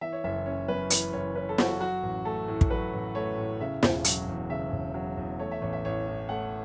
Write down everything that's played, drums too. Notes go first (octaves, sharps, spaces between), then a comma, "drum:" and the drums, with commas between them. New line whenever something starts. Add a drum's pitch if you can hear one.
E3 E5
C#5
F#1 E5
C#4 C#5
F#2 B4
E3 B4, drum: hi-hat
F#1 C#5
C#4 B4
A4
F#2 F#4, drum: snare
F#3 F#4
A1
A3 A4
A2
drum: kick
F#3 B4
A1
A3 C#5
A2
C#3 E5
E1, drum: snare
F#3, drum: hi-hat
E2
C#3 E5
E1
F#3
E2
A3 C#5
E5
A1 C#5
E5
A1 C#5
A2
A3 F#5